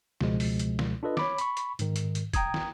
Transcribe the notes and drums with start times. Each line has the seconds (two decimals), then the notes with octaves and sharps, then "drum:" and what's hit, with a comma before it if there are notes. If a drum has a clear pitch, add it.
0.21 C#2 B2 F3 G#3, drum: snare
0.40 drum: open hi-hat
0.59 drum: hi-hat
0.79 drum: snare
1.03 D4 F4 A4 B4 D#5
1.17 C#5 B5 D6, drum: snare
1.38 B5 C#6, drum: hi-hat
1.57 drum: hi-hat
1.79 G#2 D#3, drum: hi-hat
1.96 drum: hi-hat
2.15 drum: hi-hat
2.34 G5 A#5 D#6 G#6, drum: kick, hi-hat
2.54 drum: snare